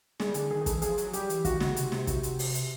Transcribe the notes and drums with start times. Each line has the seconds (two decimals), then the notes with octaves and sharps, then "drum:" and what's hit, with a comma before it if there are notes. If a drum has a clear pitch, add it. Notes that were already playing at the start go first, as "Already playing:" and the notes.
0.20 G3 G#4, drum: snare
0.34 D3 G#4, drum: hi-hat
0.51 D#3 G#4
0.61 G#4
0.66 E3 A4, drum: kick, hi-hat
0.82 F3 G#4, drum: hi-hat
0.98 F#3, drum: hi-hat
1.13 G3 G4, drum: hi-hat
1.30 E3, drum: hi-hat
1.45 D#3 F#4, drum: kick, hi-hat
1.60 C#3, drum: snare
1.76 C3, drum: hi-hat
1.92 C3, drum: snare
2.07 F#4, drum: kick, hi-hat
2.23 drum: hi-hat
2.39 drum: open hi-hat
2.55 drum: hi-hat